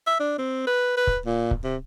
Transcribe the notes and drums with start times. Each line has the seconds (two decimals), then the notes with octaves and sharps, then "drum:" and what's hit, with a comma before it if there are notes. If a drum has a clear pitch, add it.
0.07 E5
0.20 D4
0.38 C4
0.67 B4
0.97 B4
1.07 drum: kick C#1
1.26 A#2
1.51 drum: kick C#1
1.64 C3